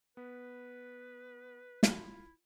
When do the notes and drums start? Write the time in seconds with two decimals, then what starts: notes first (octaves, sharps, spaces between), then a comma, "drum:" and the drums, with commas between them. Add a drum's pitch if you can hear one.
0.17 B3 B4
1.83 E4 F4, drum: snare